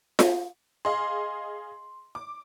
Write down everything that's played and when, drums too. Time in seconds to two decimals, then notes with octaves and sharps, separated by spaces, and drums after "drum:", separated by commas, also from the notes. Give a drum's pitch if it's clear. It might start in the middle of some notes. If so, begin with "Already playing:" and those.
0.19 drum: snare F4
0.85 G#4 D#5 F5 C6
2.15 D6